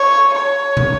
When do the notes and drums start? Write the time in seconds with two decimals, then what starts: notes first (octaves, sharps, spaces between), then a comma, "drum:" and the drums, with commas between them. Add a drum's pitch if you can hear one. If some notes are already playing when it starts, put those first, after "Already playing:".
Already playing: C#5
0.33 C#5
0.77 drum: tom